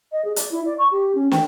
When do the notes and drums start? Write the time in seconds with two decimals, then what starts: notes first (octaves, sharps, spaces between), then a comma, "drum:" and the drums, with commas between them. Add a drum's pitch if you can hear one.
0.12 D#5
0.25 G#4
0.36 D5, drum: hi-hat
0.51 E4
0.65 D5
0.79 C#6
0.92 G4
1.15 C#4
1.31 G5, drum: snare